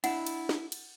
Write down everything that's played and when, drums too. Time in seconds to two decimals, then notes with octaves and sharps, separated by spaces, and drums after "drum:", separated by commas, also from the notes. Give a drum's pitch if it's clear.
0.04 D4 E4 F#5, drum: cymbal
0.26 drum: cymbal
0.49 drum: snare
0.72 drum: cymbal